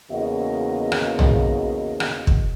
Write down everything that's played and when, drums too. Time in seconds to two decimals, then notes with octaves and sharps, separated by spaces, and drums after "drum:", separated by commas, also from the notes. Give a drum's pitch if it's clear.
0.10 E2 C#3 A#3 F#4 D#5
0.92 drum: rim click
1.19 drum: tom
2.00 drum: rim click
2.27 drum: kick